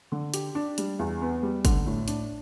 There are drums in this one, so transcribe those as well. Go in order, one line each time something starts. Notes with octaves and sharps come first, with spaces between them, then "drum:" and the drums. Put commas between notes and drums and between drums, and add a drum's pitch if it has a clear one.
D3
G4, drum: hi-hat
D4
G3, drum: hi-hat
E2
B3
G3
D3, drum: kick G1, hi-hat
A2
D4, drum: hi-hat